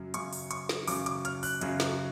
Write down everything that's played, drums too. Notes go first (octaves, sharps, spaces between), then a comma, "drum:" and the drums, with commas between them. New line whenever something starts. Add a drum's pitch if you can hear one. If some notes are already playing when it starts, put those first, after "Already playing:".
Already playing: F#2 C#3 F#3 C#4
F#2 C#3 F#3 C#4 C#6, drum: hi-hat
drum: open hi-hat
C#6, drum: hi-hat
drum: snare
F#2 C#3 F#3 C#4 D6, drum: open hi-hat
D6, drum: hi-hat
F6, drum: hi-hat
F#6, drum: open hi-hat
F#2 C#3 F#3 C#4, drum: hi-hat
drum: snare